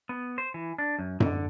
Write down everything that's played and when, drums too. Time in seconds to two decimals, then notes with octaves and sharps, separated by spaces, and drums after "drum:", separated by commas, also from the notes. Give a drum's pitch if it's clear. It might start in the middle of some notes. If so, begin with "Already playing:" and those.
0.09 B3
0.38 C5
0.54 E3
0.78 D4
0.99 F#2
1.20 D3, drum: tom F#2